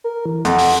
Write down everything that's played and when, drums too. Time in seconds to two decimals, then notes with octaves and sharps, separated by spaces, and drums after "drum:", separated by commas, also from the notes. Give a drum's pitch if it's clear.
0.04 A#4
0.26 E3
0.45 F2 F#5, drum: hi-hat
0.59 drum: open hi-hat